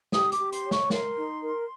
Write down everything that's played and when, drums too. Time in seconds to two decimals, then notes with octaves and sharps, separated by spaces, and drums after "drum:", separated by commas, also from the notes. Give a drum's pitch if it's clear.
0.12 G4 D#6, drum: snare
0.32 D6, drum: hi-hat
0.38 G4
0.52 C6, drum: hi-hat
0.65 C#5
0.71 C#6, drum: snare
0.90 A#4 C6, drum: snare
1.16 D#4
1.42 A#4